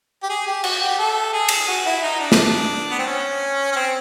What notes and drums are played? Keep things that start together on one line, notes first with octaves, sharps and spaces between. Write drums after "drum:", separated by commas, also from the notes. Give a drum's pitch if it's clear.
G4
G#4
G4
F#4, drum: cymbal
G4
A4
G#4
drum: cymbal
F#4
E4
D#4
D4
drum: snare
B3
C4
C#4
C#4
C4